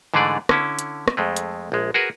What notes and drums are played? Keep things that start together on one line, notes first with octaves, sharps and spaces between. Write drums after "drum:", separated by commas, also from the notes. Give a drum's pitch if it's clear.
G#2 D3 E3 A3 G#4 D5
D3 C#4 E4, drum: rim click
drum: hi-hat
drum: rim click
F2 G#3 A3
drum: hi-hat
A#1 G#3
F#4 G#4 A#4 B4